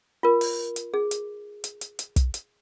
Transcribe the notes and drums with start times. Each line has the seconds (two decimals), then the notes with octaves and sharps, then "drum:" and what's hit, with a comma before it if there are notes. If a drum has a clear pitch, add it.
0.23 F4 A#4
0.41 drum: open hi-hat
0.76 drum: hi-hat
0.94 G#4
1.11 drum: hi-hat
1.64 drum: hi-hat
1.81 drum: hi-hat
1.99 drum: hi-hat
2.16 drum: kick, hi-hat
2.34 drum: hi-hat